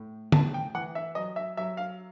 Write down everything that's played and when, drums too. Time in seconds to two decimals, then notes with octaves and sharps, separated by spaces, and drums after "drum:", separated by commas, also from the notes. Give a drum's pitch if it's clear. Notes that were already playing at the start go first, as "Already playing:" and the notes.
Already playing: A2
0.32 A2 A5, drum: tom
0.54 G5
0.75 E3 F#5
0.95 E5
1.15 F#3 D#5
1.36 E5
1.57 F#3 E5
1.77 F5